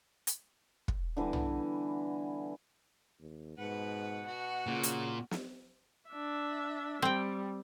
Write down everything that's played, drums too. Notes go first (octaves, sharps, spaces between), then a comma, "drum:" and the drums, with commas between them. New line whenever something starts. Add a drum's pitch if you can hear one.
drum: hi-hat
drum: kick
D3 E3 G3 B3
drum: tom
D#2
G#2 B2 B4 F#5
F#4
A#2 C#3
drum: hi-hat
drum: snare
D4 E5
G3 C4 G5